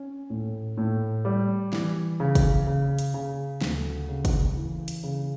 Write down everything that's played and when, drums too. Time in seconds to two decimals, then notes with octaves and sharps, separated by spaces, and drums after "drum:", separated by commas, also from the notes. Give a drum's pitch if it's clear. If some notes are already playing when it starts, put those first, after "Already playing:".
Already playing: C#4
0.30 A2
0.77 A2
1.25 G3
1.73 E3, drum: snare
2.20 C#3
2.35 drum: kick, hi-hat
2.67 C#3
2.99 drum: hi-hat
3.14 C#3
3.61 D2, drum: snare
4.09 C#3
4.25 drum: kick, hi-hat
4.56 E3
4.88 drum: hi-hat
5.03 C#3